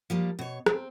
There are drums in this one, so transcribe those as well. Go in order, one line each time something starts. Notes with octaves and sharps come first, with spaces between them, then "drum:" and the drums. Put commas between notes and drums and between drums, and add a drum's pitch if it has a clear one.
F3 G3 A#3
B2 C#5
C4, drum: rim click